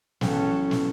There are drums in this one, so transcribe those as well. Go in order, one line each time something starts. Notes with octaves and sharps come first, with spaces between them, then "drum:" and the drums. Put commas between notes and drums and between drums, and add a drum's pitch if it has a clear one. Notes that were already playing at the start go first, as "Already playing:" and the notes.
A1 F#3 C#4 A4 G5, drum: snare
drum: snare